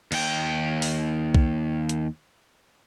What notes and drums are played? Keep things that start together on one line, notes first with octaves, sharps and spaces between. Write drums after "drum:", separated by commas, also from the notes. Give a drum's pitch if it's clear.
D#2 G5, drum: cymbal
drum: open hi-hat
drum: kick B1
drum: hi-hat